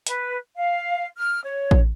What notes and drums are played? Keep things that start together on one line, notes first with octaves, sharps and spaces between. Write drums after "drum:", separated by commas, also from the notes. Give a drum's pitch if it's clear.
B4, drum: hi-hat
F5
F6
C#5
drum: kick A1